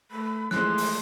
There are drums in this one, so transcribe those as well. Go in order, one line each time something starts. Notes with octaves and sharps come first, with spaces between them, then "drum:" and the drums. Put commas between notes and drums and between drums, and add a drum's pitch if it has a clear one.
A3 B5
E3 F3 G#3 A3 C6 F#6, drum: snare
drum: open hi-hat